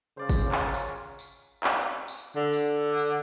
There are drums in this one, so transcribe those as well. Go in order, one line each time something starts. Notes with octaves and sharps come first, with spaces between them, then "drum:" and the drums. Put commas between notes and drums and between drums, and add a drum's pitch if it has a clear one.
C#3 C5 D5 F5
drum: kick G1, tambourine
C#4 F4 A#4, drum: clap
drum: tambourine
drum: tambourine
drum: clap
drum: tambourine
D3
drum: tambourine
drum: tambourine